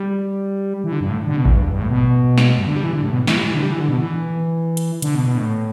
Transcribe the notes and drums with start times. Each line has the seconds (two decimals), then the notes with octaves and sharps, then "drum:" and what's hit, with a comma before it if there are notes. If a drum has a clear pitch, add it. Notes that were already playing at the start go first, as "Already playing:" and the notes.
Already playing: G3
0.84 E3
0.92 D3
1.01 G2
1.10 A2
1.27 D3
1.36 B2
1.45 E2, drum: kick A1
1.54 G2
1.62 E2
1.71 G2
1.80 A2
1.89 B2
2.38 drum: snare
2.58 G2
2.67 D3
2.76 G3
2.84 E3
2.93 D3
3.02 A2
3.10 B2
3.27 E3, drum: snare
3.37 G3
3.45 E3
3.54 D3
3.63 G3
3.72 E3
3.80 D3
3.89 B2
3.97 E3
4.77 drum: hi-hat
5.02 D3, drum: hi-hat
5.15 B2
5.26 B2
5.37 A2